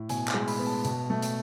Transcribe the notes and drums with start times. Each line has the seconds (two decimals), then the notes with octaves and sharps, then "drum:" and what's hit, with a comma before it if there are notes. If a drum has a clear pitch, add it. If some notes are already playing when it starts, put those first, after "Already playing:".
Already playing: A2
0.09 B2 G#5, drum: hi-hat
0.28 G#5, drum: clap
0.34 G#3
0.48 B5, drum: open hi-hat
0.59 B3
0.67 A5
0.85 B2 A5, drum: hi-hat
1.10 A3
1.22 drum: hi-hat